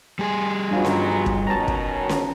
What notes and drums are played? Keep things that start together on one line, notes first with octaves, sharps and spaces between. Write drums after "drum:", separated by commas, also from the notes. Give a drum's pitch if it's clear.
G3 G#4
G2 F#3 B3 D#4 F4
drum: snare C#4
drum: kick
B2 D#3 C#4 A5 A#5
drum: kick
drum: snare C#4